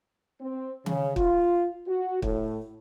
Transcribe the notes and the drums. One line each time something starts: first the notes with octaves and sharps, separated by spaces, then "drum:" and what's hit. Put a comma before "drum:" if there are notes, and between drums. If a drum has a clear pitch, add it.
C4
C#3, drum: tom D#3
F4, drum: kick
F#4
A2, drum: kick